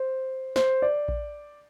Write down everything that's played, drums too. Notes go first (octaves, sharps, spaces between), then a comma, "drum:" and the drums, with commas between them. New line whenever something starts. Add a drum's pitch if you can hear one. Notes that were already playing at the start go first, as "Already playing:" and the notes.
Already playing: C5
C5, drum: snare
D5
drum: kick A#1